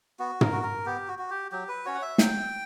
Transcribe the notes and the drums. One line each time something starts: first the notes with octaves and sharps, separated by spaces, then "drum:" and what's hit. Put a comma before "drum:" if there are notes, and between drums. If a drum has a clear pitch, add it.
B3 F#4
A#4, drum: tom
F#4
A#4
B3 G4
F#4
F#4
G4
F#3 G4
B4
C#4 F#4 C#5
F#5
E5
F#3 G5, drum: snare